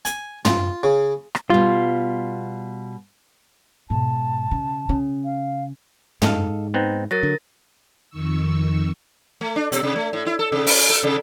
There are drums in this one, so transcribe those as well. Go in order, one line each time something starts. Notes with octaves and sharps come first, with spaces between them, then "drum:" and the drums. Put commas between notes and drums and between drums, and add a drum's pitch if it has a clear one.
G#5, drum: hi-hat
F4, drum: tom
C#3
drum: rim click
B2 G3 F4
G#2 B2 A5
C#3
C#3
F5
G#2 A4 D#5 F5, drum: tom
B3 C4 D#4
F#3 A#4 A6 A#6
D3
F2 D#3 C#6 E6
A3
D4
B2, drum: hi-hat
C3
A3
A2
E4
A4
C3
C#4, drum: open hi-hat
A4
C3